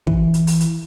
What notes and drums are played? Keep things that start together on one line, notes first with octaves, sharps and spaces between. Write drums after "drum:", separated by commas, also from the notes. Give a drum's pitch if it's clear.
E3, drum: kick
drum: hi-hat
drum: open hi-hat
drum: hi-hat